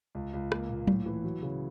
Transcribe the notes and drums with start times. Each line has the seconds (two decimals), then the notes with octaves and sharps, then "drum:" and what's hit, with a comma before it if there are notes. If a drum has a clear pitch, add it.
0.15 C#2
0.33 C#2
0.52 A#3, drum: rim click
0.69 A#2
0.87 A2, drum: tom F#3
1.06 E3
1.24 F#3
1.42 C#3